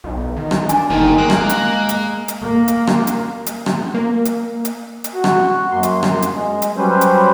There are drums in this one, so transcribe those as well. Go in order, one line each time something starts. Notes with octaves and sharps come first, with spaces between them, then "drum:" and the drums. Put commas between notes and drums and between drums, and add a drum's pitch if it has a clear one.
B1
D#3
drum: rim click
D4 G#5, drum: hi-hat
G1 A#2 D#3
G#3 A#3 F#6
drum: rim click
drum: hi-hat
drum: hi-hat
drum: hi-hat
A#3
drum: hi-hat
drum: rim click
drum: hi-hat
drum: hi-hat
drum: rim click
A#3
drum: hi-hat
drum: hi-hat
drum: hi-hat
F#4
drum: rim click
F#2 A#3 C6
drum: hi-hat
drum: rim click
drum: hi-hat
G#3
drum: hi-hat
F#3 G3 C#4 B4 C5
drum: hi-hat